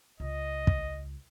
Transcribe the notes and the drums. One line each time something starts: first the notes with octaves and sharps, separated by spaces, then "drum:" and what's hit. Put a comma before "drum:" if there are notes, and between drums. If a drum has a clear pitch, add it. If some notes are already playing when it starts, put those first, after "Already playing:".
C#2 D#5
drum: kick